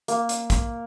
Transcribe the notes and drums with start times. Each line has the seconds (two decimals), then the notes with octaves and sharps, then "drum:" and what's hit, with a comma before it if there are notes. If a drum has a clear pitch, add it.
0.08 A#3, drum: hi-hat
0.29 drum: hi-hat
0.50 drum: kick, hi-hat